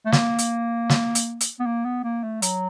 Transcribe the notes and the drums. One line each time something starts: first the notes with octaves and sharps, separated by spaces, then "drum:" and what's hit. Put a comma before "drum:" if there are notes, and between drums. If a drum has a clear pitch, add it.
A3
A#3, drum: snare
drum: hi-hat
drum: snare
drum: hi-hat
drum: hi-hat
B3
A#3
B3
A#3
A3
F#3, drum: hi-hat